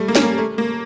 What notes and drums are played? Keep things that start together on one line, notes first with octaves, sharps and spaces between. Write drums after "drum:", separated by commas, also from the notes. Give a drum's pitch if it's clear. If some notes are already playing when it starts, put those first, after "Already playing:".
Already playing: G3 A3
A#3
C#4, drum: snare
A#3
A3
A#3